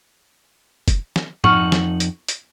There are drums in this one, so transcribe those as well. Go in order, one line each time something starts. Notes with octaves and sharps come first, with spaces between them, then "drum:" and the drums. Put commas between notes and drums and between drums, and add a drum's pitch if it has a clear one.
drum: kick, hi-hat
drum: snare
F2 D#4 F#5 C#6 F6, drum: tom
drum: snare
drum: hi-hat
drum: hi-hat